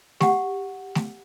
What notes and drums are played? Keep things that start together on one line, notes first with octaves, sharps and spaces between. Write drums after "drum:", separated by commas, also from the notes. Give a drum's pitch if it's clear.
G4 F#5, drum: snare
drum: snare